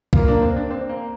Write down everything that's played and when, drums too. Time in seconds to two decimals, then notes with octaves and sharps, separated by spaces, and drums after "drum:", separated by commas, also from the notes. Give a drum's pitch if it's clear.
0.13 A#3 F4, drum: kick C2
0.28 D4
0.42 C4
0.56 D4
0.70 C4
0.89 A#3